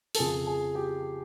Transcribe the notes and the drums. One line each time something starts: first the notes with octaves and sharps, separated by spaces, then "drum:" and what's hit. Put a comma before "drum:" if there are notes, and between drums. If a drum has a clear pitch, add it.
A4, drum: open hi-hat
F2 C#3 F3 G#4
G#4
G4